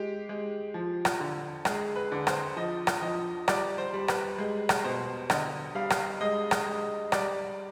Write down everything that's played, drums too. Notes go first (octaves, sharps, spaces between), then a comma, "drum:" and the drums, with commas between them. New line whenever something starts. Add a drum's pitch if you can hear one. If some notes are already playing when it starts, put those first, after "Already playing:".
Already playing: G#3 G4
G#3
F3
drum: rim click
D3
G#3 G#4, drum: rim click
B4
D3
C5, drum: rim click
F3 D#5
drum: rim click
F3 D#5
G3 D5, drum: rim click
C5
G3
B4, drum: rim click
G#3
drum: rim click
B2 C5
D3 D#5, drum: rim click
G3 F5
drum: rim click
G#3 D#5
drum: rim click
G#3
G3 D5, drum: rim click